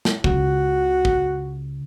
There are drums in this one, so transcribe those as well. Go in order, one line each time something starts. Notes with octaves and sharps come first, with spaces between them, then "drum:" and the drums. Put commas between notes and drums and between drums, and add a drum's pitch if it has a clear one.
drum: snare
C#2 C#3 F#4, drum: kick
drum: kick